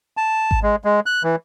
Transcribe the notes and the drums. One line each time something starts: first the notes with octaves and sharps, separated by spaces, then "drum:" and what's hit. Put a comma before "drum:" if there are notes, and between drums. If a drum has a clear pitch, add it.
A5
drum: kick G#1
G#3
G#3
F#6
E3